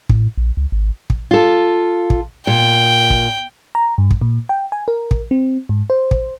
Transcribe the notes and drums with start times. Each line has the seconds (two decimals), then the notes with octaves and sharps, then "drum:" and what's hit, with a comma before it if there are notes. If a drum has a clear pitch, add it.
0.09 A2, drum: kick
0.37 A#1
0.57 C#2
0.72 G#1
1.10 drum: kick
1.31 F4 A4
2.10 drum: kick
2.47 A#2 G5
3.10 drum: kick
3.75 A#5
3.98 G2
4.11 drum: kick
4.22 A#2
4.49 G5
4.72 G#5
4.88 A#4
5.11 drum: kick
5.31 C4
5.69 G#2
5.90 C5
6.11 drum: kick